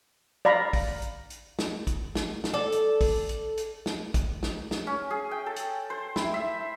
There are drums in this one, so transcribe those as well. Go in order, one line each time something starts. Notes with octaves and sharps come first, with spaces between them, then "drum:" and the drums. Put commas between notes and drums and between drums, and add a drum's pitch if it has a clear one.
D5 F5 A#5 B5
drum: kick, open hi-hat
drum: hi-hat
drum: hi-hat
drum: snare
drum: kick, hi-hat
drum: snare
drum: snare
A4 D5
drum: hi-hat
drum: kick, open hi-hat
drum: hi-hat
drum: hi-hat
drum: snare
drum: kick, hi-hat
drum: snare
drum: snare
C#4
G#4
G5
A4
drum: hi-hat
C5
E4, drum: snare
E5